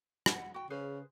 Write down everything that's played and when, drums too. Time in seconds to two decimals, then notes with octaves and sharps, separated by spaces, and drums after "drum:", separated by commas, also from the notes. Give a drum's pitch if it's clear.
0.26 F#5, drum: rim click
0.54 F#4 G5
0.70 C#3 G#4 B4 C5